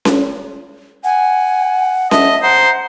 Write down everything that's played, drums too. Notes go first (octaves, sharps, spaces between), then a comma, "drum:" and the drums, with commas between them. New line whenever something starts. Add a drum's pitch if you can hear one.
drum: snare C#4
F#5 G#5
D#5 E5 A5, drum: snare C#4
C5 F#5 A#5